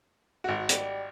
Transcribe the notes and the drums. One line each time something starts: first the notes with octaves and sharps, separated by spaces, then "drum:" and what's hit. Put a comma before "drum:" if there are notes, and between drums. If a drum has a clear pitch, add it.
G#1 F#4
G3, drum: hi-hat